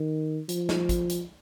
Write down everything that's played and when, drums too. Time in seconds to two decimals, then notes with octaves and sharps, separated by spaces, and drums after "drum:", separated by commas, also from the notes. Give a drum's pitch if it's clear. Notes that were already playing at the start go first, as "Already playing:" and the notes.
Already playing: D#3
0.49 F3, drum: hi-hat
0.69 drum: snare
0.89 drum: kick, hi-hat
1.09 drum: hi-hat